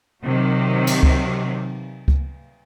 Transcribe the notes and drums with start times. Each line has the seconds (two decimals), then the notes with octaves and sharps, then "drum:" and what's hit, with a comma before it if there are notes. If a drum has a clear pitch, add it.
0.25 C3 D#3 F#3
0.87 drum: cymbal
1.03 drum: kick C#2
2.08 drum: kick C#2